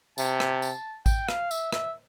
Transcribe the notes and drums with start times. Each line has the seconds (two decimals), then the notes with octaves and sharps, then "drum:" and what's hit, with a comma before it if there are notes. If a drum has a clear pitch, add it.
0.18 C3 A5, drum: tambourine
0.40 drum: rim click
0.62 drum: tambourine
1.06 G5, drum: kick A1, tambourine
1.29 F5, drum: rim click
1.51 E5, drum: tambourine
1.72 E5, drum: rim click